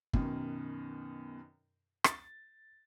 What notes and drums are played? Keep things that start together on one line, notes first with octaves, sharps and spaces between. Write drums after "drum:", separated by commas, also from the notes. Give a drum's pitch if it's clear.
F#2 B2 D#3, drum: kick
A6, drum: rim click